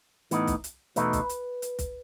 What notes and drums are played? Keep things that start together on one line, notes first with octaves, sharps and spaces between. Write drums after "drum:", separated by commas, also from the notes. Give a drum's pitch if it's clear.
A2 E3 B3 D#4, drum: hi-hat
drum: kick, hi-hat
drum: hi-hat
E2 B2 A3 D#4 B4, drum: hi-hat
drum: kick, hi-hat
drum: hi-hat
drum: hi-hat
drum: kick, hi-hat